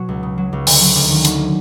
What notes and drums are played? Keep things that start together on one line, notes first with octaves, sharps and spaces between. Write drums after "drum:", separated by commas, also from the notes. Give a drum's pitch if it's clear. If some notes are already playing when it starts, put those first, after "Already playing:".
Already playing: B2 F#3 F#4
C#2
C#3
F#3
C#2
D3, drum: open hi-hat
F#3
D2
D#3
F#3, drum: hi-hat